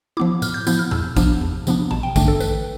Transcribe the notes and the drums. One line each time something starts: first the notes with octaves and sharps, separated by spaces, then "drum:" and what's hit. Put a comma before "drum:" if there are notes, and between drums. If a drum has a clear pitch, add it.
F3 B3 E4 D6
A2 F6, drum: tambourine
G6
F3 B3 E4 G6, drum: tambourine
F6
E2 E6, drum: tom A2
C3 F3 B3 D4, drum: kick, tambourine
E2
C3 F3 B3 D4, drum: tambourine
A1 A5, drum: tom
G5
G2 D3 A3 D4 G5, drum: kick, tambourine
A4
A1 B4, drum: tambourine